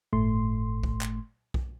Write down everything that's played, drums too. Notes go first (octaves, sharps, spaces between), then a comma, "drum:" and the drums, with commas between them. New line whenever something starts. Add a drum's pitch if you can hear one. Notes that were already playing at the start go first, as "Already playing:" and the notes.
G1 A2 A3 C6
drum: kick B1
drum: clap
drum: kick B1